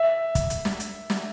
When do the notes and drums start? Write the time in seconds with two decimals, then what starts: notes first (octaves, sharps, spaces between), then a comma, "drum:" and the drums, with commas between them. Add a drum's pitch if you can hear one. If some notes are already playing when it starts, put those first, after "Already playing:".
Already playing: E5
0.35 drum: kick, hi-hat
0.50 drum: hi-hat
0.65 drum: snare
0.80 drum: hi-hat
1.10 drum: snare